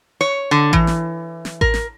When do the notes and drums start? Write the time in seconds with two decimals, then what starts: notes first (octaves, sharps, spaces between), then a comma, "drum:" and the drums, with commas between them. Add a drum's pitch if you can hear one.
0.21 C#5
0.51 D3
0.73 E3, drum: kick A1
0.87 drum: snare
1.45 drum: snare
1.61 A#4, drum: kick A1
1.74 drum: snare